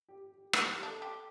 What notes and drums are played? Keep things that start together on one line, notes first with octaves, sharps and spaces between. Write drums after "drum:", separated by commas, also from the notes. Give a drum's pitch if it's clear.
G4
G4
G4
G4, drum: rim click
G4
D4 A4
G4